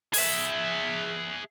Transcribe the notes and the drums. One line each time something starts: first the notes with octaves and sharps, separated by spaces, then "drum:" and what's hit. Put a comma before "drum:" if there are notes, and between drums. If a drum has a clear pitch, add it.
G#4 E5, drum: open hi-hat